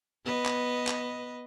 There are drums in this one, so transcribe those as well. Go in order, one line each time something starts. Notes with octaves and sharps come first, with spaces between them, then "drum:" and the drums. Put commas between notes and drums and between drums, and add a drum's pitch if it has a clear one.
B3 B4 D#5
drum: clap
drum: clap